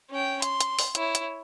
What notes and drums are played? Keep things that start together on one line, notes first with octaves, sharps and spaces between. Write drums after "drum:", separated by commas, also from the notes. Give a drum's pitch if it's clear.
C#4 G5
C6, drum: hi-hat
drum: hi-hat
drum: open hi-hat
E4 C#5, drum: hi-hat
drum: hi-hat